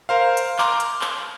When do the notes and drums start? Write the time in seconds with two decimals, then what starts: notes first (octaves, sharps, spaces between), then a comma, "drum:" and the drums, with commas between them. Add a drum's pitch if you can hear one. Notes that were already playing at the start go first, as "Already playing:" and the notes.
0.09 A#4 C5 F5
0.37 drum: hi-hat
0.58 A#5 C6 D6 F6, drum: clap
0.80 drum: hi-hat
1.01 drum: clap